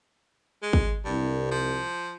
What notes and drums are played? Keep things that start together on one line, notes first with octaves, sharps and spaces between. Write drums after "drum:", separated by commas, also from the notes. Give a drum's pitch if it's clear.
G#3
drum: kick
C2 G2
F3